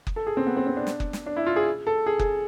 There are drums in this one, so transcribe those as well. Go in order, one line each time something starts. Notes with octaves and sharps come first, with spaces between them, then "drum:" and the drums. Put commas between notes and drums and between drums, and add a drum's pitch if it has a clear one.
drum: kick F#1
A4
G#4
C4
B3
C4
C4
D4
drum: snare
drum: kick F#1
drum: snare
D4
E4
F4
G#4
A4
G#4
G#4, drum: kick F#1